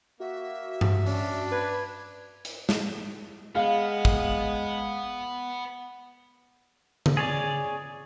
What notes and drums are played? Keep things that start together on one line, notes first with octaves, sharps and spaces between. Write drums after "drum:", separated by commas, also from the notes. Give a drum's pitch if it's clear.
A#3 F#4 E5
drum: tom G2
C#4 D4, drum: open hi-hat
B4 B5 G#6
drum: hi-hat
drum: snare
G#3 B3 F5
drum: kick
drum: tom C#3
G#4 C#5 D5